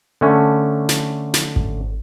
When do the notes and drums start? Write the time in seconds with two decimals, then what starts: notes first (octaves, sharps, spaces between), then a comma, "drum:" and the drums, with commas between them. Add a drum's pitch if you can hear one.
0.21 D3 A3 C#4
0.89 drum: snare
1.34 drum: snare
1.56 drum: kick G#1